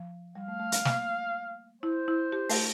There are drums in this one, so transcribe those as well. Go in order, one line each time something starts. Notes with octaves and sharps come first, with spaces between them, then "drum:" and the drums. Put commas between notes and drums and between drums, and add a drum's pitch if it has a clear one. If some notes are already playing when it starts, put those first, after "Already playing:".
Already playing: F3
G3 F5
A3
A3
A3, drum: hi-hat
A#3, drum: snare
E4 C5
E4
G4
A3, drum: open hi-hat